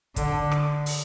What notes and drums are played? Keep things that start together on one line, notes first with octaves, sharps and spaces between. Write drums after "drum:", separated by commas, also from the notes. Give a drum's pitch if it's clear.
D3, drum: kick, hi-hat
drum: rim click
drum: open hi-hat